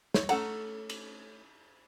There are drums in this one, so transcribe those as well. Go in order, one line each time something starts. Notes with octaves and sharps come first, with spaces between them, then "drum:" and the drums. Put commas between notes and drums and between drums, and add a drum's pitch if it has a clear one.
C#5, drum: snare
A3 C#4 A4 F#5 A#5, drum: cymbal
drum: cymbal